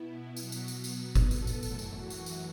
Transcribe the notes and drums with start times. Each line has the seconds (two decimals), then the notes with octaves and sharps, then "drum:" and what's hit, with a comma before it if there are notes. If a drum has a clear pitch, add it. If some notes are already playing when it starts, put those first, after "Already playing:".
Already playing: B2 B3 E4
0.37 B2 F#3 B3, drum: tambourine
0.52 drum: tambourine
0.68 drum: tambourine
0.84 drum: tambourine
0.99 B2 B3
1.15 drum: kick F#1, tambourine
1.31 A4, drum: tambourine
1.47 drum: tambourine
1.63 F#2 E3 A3 A4, drum: tambourine
1.79 drum: tambourine
1.95 F#4
2.10 drum: tambourine
2.26 drum: tambourine